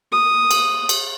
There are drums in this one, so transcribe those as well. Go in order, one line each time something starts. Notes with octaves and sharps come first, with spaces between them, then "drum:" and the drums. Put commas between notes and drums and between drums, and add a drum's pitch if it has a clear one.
D#6
drum: cymbal
drum: cymbal